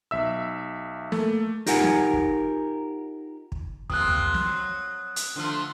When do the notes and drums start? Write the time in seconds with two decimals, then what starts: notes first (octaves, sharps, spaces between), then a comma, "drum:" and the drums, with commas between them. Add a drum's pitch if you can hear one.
0.11 B1 E5 E6
1.12 A3 A#3, drum: snare
1.66 D#4 F4 G4 A#4 F#5 G#5, drum: hi-hat
1.84 drum: snare
2.13 drum: kick
3.52 drum: kick
3.90 C3 F3 A#3 D#6 F#6, drum: kick
4.08 drum: tom
4.34 drum: snare
4.45 F#3
5.16 drum: hi-hat
5.36 D3 F3 A3